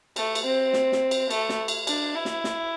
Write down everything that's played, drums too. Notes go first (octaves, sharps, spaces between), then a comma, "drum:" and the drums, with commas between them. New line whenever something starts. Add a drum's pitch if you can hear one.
A3, drum: cymbal
drum: cymbal
C4
drum: snare
drum: snare
drum: cymbal
A3, drum: cymbal
drum: snare
drum: cymbal
D4, drum: cymbal
E4
drum: snare
drum: snare